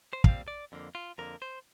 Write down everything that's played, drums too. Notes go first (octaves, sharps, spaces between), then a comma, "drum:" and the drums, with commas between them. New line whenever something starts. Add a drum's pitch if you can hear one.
C5
A#2 G3 C4 F5, drum: kick
D5
F2 D3 A#3
F4
F2 D3 A#3 A#4
C5